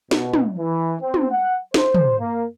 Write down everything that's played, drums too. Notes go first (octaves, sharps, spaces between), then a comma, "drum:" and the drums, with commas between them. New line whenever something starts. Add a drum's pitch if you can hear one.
B2, drum: snare
drum: tom
E3
C4
drum: tom
F#5
C5, drum: snare
drum: tom
A#3